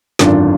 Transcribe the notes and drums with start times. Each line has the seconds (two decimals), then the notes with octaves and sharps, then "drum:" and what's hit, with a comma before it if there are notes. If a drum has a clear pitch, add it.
0.19 G#1 F#2 D3 D4 F4, drum: snare